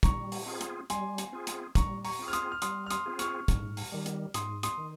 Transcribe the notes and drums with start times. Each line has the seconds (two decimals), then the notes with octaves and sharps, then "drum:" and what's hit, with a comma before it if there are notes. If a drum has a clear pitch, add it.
0.03 G3 A#5 C#6, drum: kick, hi-hat
0.32 drum: open hi-hat
0.46 C4 F4 G#4
0.61 drum: hi-hat
0.90 G3 G#5 C6, drum: hi-hat
1.18 drum: hi-hat
1.32 C4 F4 G#4
1.47 drum: hi-hat
1.75 G3 A#5 C#6, drum: kick, hi-hat
2.05 A#5 C#6, drum: open hi-hat
2.19 C4 F4 G#4
2.28 F6
2.33 C6 D#6, drum: hi-hat
2.52 F6
2.62 G3 C6 D#6, drum: hi-hat
2.86 F6
2.90 C6 D#6, drum: hi-hat
3.06 C4 F4 G#4
3.19 C#6 F6, drum: hi-hat
3.48 G#2, drum: kick, hi-hat
3.77 drum: open hi-hat
3.92 D#3 G3
4.06 drum: hi-hat
4.34 G#2 C6 D#6, drum: hi-hat
4.63 C6 D#6, drum: hi-hat
4.78 D#3